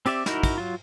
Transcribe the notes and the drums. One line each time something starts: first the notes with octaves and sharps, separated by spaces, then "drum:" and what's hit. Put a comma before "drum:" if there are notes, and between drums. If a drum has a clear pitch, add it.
C4 G4 D5 E5, drum: cymbal
D#4 E4 F#4 A#4, drum: snare
drum: kick, cymbal
F#3 F4